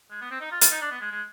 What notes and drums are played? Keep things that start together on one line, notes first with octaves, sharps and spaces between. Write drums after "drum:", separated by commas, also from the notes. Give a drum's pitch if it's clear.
G#3
B3
C4
D#4
F4
F4, drum: hi-hat
D#4
D4
B3
G#3
G#3